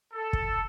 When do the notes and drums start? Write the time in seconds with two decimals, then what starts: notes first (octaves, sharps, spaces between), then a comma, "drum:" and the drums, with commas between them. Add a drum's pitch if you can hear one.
0.13 A4
0.33 drum: kick